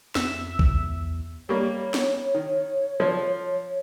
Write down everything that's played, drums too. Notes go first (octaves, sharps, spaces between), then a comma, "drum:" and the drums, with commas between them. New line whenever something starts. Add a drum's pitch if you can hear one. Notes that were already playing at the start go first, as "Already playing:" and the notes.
F2 E5, drum: snare
drum: kick B1
E2
G3 A#3 C#5
drum: snare
D#3
F3